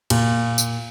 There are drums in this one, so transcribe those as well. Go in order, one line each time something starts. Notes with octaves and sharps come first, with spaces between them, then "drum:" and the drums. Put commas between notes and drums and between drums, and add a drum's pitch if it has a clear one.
A#2, drum: cymbal
drum: tambourine